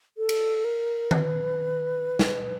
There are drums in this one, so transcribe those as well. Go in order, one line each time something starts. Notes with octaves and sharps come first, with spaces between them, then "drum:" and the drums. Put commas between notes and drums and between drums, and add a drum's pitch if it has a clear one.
A4
drum: cymbal
A#4
B4, drum: tom D#3
drum: snare